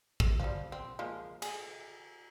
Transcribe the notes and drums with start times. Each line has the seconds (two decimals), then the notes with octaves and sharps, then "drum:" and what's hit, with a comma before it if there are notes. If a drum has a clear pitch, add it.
0.20 drum: kick
0.40 F3 G3
0.72 C4
0.99 F3 G#3 A#3
1.42 G#4, drum: cymbal